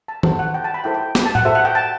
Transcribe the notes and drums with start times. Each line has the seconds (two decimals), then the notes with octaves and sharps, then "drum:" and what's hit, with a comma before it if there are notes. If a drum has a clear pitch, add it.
0.08 A5
0.23 F#4 A4 C5, drum: tom
0.39 F#5
0.54 G5
0.64 A5
0.74 B5
0.84 E4 A4 C5 G5
0.94 G5
1.15 B5, drum: snare
1.26 A5
1.35 F#5, drum: tom A2
1.45 F#4 A4 C5 E5
1.55 F#5
1.65 G5
1.75 A5